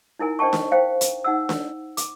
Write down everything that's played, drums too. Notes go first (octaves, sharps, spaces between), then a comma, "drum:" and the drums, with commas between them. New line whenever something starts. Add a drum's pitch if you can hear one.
D#4 E4 A#4 G#5
D4 C5 D#5 G5 A5 C#6
drum: snare D4
C5 F5 G5
drum: hi-hat
D#4 F#5 E6
drum: snare D4
D6, drum: hi-hat